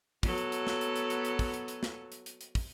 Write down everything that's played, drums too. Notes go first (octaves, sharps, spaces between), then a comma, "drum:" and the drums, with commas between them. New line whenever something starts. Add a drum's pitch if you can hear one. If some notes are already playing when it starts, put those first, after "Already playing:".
F#3 B3 A4, drum: kick, open hi-hat
drum: hi-hat
drum: hi-hat
drum: snare
drum: hi-hat
drum: hi-hat
drum: hi-hat
drum: hi-hat
drum: kick, open hi-hat
drum: hi-hat
drum: hi-hat
drum: snare
drum: hi-hat
drum: hi-hat
drum: hi-hat
drum: kick, open hi-hat